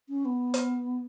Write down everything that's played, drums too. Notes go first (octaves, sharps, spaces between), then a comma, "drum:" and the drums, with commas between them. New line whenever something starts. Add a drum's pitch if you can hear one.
C#4
B3
drum: hi-hat